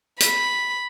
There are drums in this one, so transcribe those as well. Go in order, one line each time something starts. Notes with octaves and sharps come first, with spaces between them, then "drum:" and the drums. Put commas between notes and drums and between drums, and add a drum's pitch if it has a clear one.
B5, drum: hi-hat